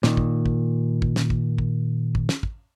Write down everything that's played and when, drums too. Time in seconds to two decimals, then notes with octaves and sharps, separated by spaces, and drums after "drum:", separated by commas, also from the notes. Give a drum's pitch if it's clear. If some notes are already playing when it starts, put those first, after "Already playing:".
0.03 A#2 D#3, drum: snare
0.17 drum: kick
0.46 drum: kick
1.02 drum: kick
1.16 drum: snare
1.30 drum: kick
1.58 drum: kick
2.15 drum: kick
2.29 drum: snare
2.43 drum: kick